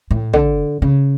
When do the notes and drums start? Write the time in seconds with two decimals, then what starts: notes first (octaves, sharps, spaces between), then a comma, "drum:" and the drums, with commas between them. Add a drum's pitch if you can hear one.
0.11 A2
0.33 D3, drum: tom
0.82 C#3